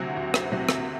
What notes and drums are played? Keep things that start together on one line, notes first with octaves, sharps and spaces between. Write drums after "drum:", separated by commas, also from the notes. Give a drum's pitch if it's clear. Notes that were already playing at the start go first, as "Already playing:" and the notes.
Already playing: D2 C3 F#3 C4 F#4
D2
drum: rim click
C3 F#3 C4 F#4
drum: rim click